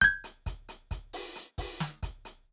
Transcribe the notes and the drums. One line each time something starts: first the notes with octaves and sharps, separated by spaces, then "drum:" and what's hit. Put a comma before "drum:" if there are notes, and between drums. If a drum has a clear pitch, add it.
G6 G#6, drum: kick, hi-hat
drum: hi-hat
drum: kick, hi-hat
drum: hi-hat
drum: kick, hi-hat
drum: open hi-hat
drum: hi-hat
drum: kick, open hi-hat
drum: snare
drum: kick, hi-hat
drum: hi-hat